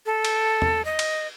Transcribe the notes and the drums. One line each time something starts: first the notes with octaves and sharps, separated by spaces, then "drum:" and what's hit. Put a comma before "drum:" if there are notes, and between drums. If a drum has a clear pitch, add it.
A4
drum: cymbal
drum: tom
D#5
drum: cymbal